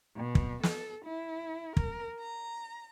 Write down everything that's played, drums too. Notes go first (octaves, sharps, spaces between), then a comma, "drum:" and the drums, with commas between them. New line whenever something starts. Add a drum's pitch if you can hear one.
B2
drum: kick
A4, drum: snare
E4
A#4, drum: kick
A#5